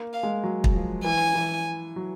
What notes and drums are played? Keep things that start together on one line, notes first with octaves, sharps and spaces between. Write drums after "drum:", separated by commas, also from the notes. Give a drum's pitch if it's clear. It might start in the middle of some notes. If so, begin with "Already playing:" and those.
Already playing: A#3
F5
G#3
F#3
drum: kick
F3
E3 G#5
E3
F#3